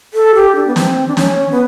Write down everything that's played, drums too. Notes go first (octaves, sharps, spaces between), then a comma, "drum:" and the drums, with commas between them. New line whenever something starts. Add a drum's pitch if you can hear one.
A4
G4
D4
B3
C4, drum: snare
D4
C#4, drum: snare
B3